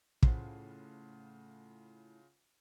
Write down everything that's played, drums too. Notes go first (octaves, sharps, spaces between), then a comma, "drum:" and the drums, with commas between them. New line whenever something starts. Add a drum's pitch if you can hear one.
A2 C#3 F4 C5 F#5, drum: kick